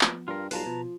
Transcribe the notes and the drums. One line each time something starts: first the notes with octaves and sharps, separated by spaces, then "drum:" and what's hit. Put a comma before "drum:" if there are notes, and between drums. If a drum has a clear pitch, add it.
F3 B3, drum: clap
G2 F4 A#4
B1 G3 F4 B4 A5 A#5 C7, drum: open hi-hat
B2 F3